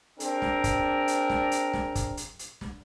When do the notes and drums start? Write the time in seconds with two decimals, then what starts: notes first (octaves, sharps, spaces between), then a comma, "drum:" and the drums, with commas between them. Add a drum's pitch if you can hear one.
0.20 C4 D4 G#4 A#4, drum: hi-hat
0.42 drum: snare
0.64 drum: kick, hi-hat
1.08 drum: hi-hat
1.30 drum: snare
1.52 drum: hi-hat
1.73 drum: snare
1.95 drum: kick, hi-hat
2.17 drum: hi-hat
2.39 drum: hi-hat
2.61 drum: snare